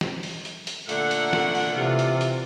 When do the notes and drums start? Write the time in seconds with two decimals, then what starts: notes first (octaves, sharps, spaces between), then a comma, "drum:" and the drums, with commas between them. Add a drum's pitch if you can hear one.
0.01 drum: snare
0.23 drum: open hi-hat
0.45 drum: hi-hat
0.67 drum: hi-hat
0.89 A#2 D3 A3 F#5, drum: hi-hat
1.11 drum: hi-hat
1.33 drum: snare
1.55 drum: open hi-hat
1.73 C3 E3 F4
1.99 drum: hi-hat
2.21 drum: hi-hat